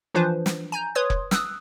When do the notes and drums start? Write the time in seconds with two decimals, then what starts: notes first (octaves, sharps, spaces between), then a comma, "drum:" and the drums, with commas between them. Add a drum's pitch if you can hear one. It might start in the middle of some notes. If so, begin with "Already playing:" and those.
0.15 E3 F3 D4 F4 B4 C5
0.46 drum: snare
0.72 G#5 A#5 G6
0.95 B4 C#5 C6 D#6 G#6
1.10 drum: kick F1
1.31 D#6 E6 F#6, drum: snare